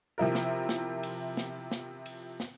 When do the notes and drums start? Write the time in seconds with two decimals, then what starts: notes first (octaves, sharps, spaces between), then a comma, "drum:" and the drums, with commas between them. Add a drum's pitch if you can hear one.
0.18 C3 F3 E4 A#4
0.35 drum: snare
0.69 drum: snare
1.03 drum: cymbal
1.37 drum: snare
1.71 drum: snare
2.06 drum: cymbal
2.40 drum: snare